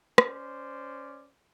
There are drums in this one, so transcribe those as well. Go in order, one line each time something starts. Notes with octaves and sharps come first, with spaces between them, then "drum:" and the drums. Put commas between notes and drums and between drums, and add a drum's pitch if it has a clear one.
C#4 C5 D5, drum: rim click